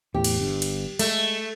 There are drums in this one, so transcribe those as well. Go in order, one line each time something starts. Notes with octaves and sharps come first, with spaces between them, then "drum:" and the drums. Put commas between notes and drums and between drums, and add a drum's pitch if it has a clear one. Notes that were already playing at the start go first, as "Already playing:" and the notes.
E2 A2 E3 G4
drum: cymbal
G1 G2
drum: cymbal
G#3 A3, drum: cymbal